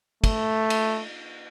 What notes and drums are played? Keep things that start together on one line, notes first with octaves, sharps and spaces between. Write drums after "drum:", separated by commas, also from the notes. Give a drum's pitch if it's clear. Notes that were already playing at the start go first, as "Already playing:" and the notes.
A3, drum: kick, cymbal
drum: cymbal